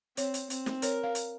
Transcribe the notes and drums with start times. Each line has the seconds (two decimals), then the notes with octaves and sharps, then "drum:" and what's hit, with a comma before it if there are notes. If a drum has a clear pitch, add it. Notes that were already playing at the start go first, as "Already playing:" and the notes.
0.17 C4 C#5, drum: hi-hat
0.34 drum: hi-hat
0.50 C4, drum: hi-hat
0.66 drum: snare
0.82 A#4 C#5, drum: hi-hat
1.03 F5
1.15 drum: hi-hat